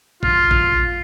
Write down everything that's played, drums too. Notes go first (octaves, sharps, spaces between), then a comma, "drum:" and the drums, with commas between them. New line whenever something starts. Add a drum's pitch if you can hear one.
F4, drum: kick A1
drum: kick A1